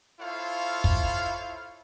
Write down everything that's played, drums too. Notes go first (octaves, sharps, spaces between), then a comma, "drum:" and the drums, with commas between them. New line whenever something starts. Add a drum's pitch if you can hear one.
E4 F4 A4 C5 C#5 F5
drum: kick